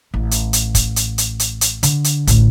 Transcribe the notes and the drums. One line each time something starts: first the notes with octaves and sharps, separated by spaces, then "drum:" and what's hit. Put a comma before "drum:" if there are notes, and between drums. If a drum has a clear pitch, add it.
A1
drum: hi-hat
drum: hi-hat
drum: kick, hi-hat
drum: hi-hat
drum: hi-hat
drum: hi-hat
drum: hi-hat
D3, drum: hi-hat
drum: hi-hat
A1 D2, drum: hi-hat